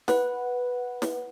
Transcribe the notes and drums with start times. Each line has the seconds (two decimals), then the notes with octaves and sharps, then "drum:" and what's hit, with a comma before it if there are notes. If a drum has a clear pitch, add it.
0.08 B4 F#5, drum: snare
1.02 drum: snare